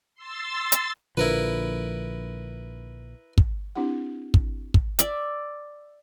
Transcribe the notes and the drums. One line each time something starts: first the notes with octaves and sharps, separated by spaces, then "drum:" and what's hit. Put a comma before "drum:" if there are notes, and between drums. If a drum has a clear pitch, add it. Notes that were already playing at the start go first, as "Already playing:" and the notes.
C6 E6 A6
drum: hi-hat
A#1 D3 F3 E4 A#4 B4
drum: kick
C4 D4 E4 G4 F#5
drum: kick
drum: kick
D5 E5, drum: hi-hat